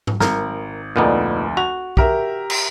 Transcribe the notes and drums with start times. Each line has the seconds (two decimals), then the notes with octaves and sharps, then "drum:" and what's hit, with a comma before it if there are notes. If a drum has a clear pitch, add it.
0.07 drum: tom G#2
0.20 G#1 A#4, drum: snare
0.96 F1 D2 A#2 B3 D#4 D5
1.57 F#4 F7
1.97 G4 A#4 E5, drum: kick
2.50 drum: cymbal